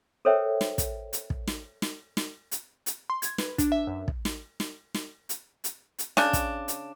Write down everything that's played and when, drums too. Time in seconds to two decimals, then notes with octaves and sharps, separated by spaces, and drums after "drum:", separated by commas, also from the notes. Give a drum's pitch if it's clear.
0.25 A4 A#4 C5 C#5 E5 G5
0.61 drum: snare
0.78 drum: kick, hi-hat
1.13 drum: hi-hat
1.30 drum: kick
1.47 drum: snare
1.82 drum: snare
2.17 drum: snare
2.52 drum: hi-hat
2.86 drum: hi-hat
3.10 C6
3.22 G#6, drum: hi-hat
3.38 B4, drum: snare
3.58 D4, drum: kick, hi-hat
3.72 E5
3.87 F#2
4.08 drum: kick
4.25 drum: snare
4.60 drum: snare
4.94 drum: snare
5.29 drum: hi-hat
5.64 drum: hi-hat
5.99 drum: hi-hat
6.17 C#3 D4, drum: snare
6.33 drum: kick, hi-hat
6.68 drum: hi-hat